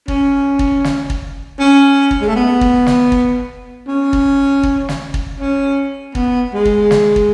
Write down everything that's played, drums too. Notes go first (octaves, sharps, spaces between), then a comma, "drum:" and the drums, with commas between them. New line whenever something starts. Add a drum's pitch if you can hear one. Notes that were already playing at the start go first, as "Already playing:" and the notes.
C#4, drum: kick
drum: kick
drum: snare
drum: kick
C#4
drum: kick
G#3
A3
B3
drum: kick
drum: snare
drum: kick
C#4
drum: kick
drum: kick
drum: snare
drum: kick
C#4
B3, drum: kick
G#3
drum: kick
drum: snare
drum: kick